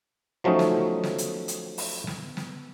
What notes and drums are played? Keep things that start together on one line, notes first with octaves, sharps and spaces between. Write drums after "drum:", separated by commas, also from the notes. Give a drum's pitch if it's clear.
F3 F#3 A3 C#4 D#4
drum: snare
drum: snare
drum: hi-hat
drum: hi-hat
drum: open hi-hat
drum: snare
drum: snare